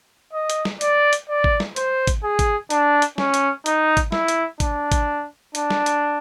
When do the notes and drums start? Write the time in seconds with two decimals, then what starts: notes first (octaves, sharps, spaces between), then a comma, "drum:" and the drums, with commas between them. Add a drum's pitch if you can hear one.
0.33 D#5
0.50 drum: hi-hat
0.65 drum: snare
0.81 D5, drum: hi-hat
1.13 drum: hi-hat
1.29 D5
1.44 drum: kick G#1
1.60 drum: snare
1.76 C5, drum: hi-hat
2.07 drum: kick G#1, hi-hat
2.23 G#4
2.39 drum: kick G#1, hi-hat
2.70 D4, drum: hi-hat
3.02 drum: hi-hat
3.18 C#4, drum: snare
3.34 drum: hi-hat
3.66 D#4, drum: hi-hat
3.97 drum: kick G#1, hi-hat
4.12 E4, drum: snare
4.28 drum: hi-hat
4.60 D4, drum: kick G#1, hi-hat
4.92 drum: kick G#1, hi-hat
5.55 D4, drum: hi-hat
5.70 drum: snare
5.86 drum: hi-hat